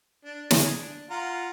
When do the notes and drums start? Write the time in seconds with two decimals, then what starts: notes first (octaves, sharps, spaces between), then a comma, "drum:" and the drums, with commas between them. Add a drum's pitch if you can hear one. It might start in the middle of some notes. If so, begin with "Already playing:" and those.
0.25 D4
0.51 G#4, drum: snare
0.77 D4
1.10 F4 F#5 A#5